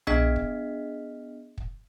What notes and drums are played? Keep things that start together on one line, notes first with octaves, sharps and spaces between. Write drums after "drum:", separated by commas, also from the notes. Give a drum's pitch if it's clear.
B3 D4 G#4 D#5 F6 B6, drum: tom B1
drum: kick
drum: kick